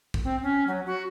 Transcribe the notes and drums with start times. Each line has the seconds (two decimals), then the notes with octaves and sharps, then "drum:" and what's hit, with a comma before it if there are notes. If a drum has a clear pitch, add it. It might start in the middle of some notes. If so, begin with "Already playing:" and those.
0.14 drum: kick
0.24 C4
0.43 C#4
0.67 F#3
0.86 F#4